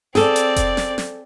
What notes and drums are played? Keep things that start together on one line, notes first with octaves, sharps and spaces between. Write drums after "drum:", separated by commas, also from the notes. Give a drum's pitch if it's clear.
C4 G#4 A4 D5, drum: snare
drum: hi-hat
drum: kick F1, hi-hat
drum: snare
drum: snare